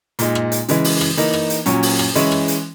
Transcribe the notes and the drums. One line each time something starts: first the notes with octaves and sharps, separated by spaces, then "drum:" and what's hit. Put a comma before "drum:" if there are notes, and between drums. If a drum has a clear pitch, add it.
A#2 G#3 D#4, drum: hi-hat
drum: rim click
drum: hi-hat
C#3 E3 G#3, drum: hi-hat
drum: open hi-hat
drum: rim click
E3 A#3 D#4, drum: hi-hat
drum: rim click
drum: hi-hat
A#2 F#3 C#4, drum: hi-hat
drum: open hi-hat
drum: rim click
E3 G#3 C#4 E4, drum: hi-hat
drum: rim click
drum: hi-hat